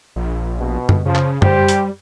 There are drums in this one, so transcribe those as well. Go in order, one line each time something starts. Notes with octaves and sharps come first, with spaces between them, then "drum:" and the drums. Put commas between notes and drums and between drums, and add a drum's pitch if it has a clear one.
A#1
B2
drum: tom F#2
C#3 F3
drum: clap
G3 G4 C5, drum: tom F#2
drum: hi-hat